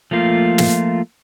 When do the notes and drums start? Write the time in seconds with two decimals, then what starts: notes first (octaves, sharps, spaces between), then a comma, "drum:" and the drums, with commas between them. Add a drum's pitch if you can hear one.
0.11 F3 A3 A#3 F4
0.58 drum: snare